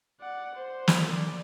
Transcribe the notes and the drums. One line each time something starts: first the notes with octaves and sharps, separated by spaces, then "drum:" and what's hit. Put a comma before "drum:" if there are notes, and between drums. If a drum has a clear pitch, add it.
D5 F#5
C5
drum: snare
D5